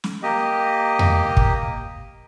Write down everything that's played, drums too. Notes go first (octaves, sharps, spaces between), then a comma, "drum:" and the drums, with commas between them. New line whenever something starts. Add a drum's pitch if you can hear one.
drum: snare
A#3 G4 D#5
drum: tom E2
drum: kick